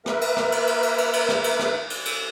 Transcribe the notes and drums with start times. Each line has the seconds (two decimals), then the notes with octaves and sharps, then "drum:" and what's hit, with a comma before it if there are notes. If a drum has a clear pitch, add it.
0.06 A#3 A#4 B4 E5, drum: rim click
0.21 drum: cymbal
0.37 drum: rim click
0.52 drum: cymbal
0.67 drum: cymbal
0.83 drum: cymbal
0.98 drum: cymbal
1.13 drum: cymbal
1.29 drum: rim click
1.44 drum: cymbal
1.59 drum: rim click
1.90 drum: cymbal
2.05 drum: cymbal